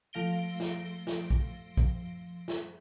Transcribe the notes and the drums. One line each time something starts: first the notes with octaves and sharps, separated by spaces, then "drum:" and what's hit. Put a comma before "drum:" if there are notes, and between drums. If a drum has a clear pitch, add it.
F3 A3 F5 A#6 D7 G7
drum: snare
drum: snare
drum: kick
drum: kick
drum: snare